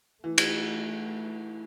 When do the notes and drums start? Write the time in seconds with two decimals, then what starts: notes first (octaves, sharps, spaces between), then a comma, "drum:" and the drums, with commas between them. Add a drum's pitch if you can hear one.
0.24 E3 A3
0.38 drum: cymbal